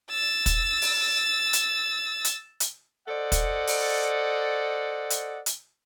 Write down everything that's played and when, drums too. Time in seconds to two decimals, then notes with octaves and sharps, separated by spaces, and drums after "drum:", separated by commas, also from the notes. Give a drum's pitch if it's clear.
0.10 E6 A6
0.46 drum: kick, hi-hat
0.82 drum: open hi-hat
1.53 drum: hi-hat
2.24 drum: hi-hat
2.60 drum: hi-hat
3.08 A4 C5 D5 D#5 F#5
3.32 drum: kick, hi-hat
3.67 drum: open hi-hat
5.10 drum: hi-hat
5.46 drum: hi-hat